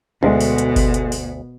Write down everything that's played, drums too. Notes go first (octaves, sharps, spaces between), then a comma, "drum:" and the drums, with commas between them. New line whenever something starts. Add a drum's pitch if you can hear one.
D2 B2 G#3 A3
drum: open hi-hat
drum: hi-hat
drum: kick G1, open hi-hat
drum: hi-hat
drum: open hi-hat